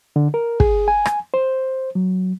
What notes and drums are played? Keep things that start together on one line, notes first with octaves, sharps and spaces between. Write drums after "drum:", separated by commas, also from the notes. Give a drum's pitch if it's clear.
D3
A#4
G#4, drum: kick
G#5
drum: rim click
C5
F#3